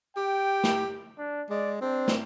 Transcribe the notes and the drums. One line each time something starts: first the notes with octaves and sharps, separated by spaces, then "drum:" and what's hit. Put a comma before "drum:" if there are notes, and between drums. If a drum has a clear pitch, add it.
G4 G5
drum: snare
D4
G#3 D5
C4 D4
drum: snare